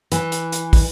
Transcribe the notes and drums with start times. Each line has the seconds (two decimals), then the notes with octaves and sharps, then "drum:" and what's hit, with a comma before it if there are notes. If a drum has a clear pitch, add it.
0.12 E3, drum: hi-hat
0.32 drum: hi-hat
0.52 drum: hi-hat
0.73 drum: kick, open hi-hat